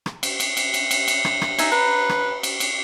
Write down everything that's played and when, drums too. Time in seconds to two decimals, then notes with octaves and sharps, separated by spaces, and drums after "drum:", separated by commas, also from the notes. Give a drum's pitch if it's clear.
0.06 drum: rim click
0.23 drum: cymbal
0.40 drum: cymbal
0.57 drum: cymbal
0.74 drum: cymbal
0.91 drum: cymbal
1.08 drum: cymbal
1.25 drum: rim click
1.42 drum: rim click
1.59 D#4 E5 G#5, drum: cymbal
1.72 B4 A#5
2.09 drum: rim click
2.43 drum: cymbal
2.60 drum: cymbal